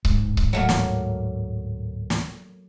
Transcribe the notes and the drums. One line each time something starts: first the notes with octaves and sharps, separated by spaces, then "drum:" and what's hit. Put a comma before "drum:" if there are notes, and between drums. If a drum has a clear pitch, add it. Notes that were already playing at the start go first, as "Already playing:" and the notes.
D1 G#2, drum: kick C#1
drum: kick C#1
F#3 A3 A#3
drum: snare
drum: snare